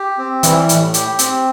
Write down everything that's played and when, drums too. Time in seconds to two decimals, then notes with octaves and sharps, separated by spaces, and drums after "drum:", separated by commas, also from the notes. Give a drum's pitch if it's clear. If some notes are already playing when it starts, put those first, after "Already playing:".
Already playing: G4
0.18 C4
0.43 E3 G3, drum: hi-hat
0.69 A2, drum: hi-hat
0.94 G4, drum: hi-hat
1.19 C4, drum: hi-hat